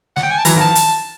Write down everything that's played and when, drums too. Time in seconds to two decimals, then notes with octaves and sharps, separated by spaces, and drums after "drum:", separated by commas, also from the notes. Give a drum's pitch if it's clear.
0.16 F#5, drum: snare
0.23 G5
0.31 G#5
0.38 A5
0.45 E3 F#3 A#5, drum: hi-hat
0.56 D#3 F3
0.61 A5
0.75 drum: hi-hat